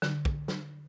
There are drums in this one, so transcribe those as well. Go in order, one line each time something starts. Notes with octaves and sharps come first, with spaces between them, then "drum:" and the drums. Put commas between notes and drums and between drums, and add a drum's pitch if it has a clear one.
D3, drum: snare
drum: kick
drum: snare